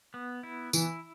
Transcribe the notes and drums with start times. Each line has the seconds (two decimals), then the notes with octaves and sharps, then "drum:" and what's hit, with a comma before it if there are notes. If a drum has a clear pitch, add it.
0.14 B3
0.43 E4
0.73 E3 E4, drum: tambourine